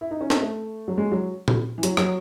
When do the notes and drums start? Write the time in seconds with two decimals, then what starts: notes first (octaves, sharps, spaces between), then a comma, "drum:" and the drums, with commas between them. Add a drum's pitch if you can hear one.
0.01 E4
0.11 D#4
0.21 C#4
0.30 C4, drum: snare
0.41 A3
0.88 F#3
0.97 G#3
1.12 F#3
1.48 drum: tom A#2
1.78 E3
1.83 F#3, drum: hi-hat
1.97 F#3, drum: rim click